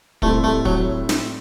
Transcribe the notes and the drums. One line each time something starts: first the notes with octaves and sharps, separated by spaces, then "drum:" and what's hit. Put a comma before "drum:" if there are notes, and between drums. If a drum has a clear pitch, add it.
A2 G3 A3 C4 E4, drum: kick
A3
F#3, drum: kick
drum: snare